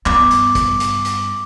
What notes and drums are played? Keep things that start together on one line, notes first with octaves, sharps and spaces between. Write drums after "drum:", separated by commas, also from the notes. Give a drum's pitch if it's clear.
G2 B3 D6, drum: clap
drum: hi-hat
drum: kick, hi-hat
drum: hi-hat
drum: hi-hat